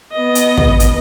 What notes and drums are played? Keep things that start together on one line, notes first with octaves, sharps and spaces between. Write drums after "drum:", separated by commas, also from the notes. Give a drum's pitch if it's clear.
B3 D#5
drum: hi-hat
drum: kick
drum: hi-hat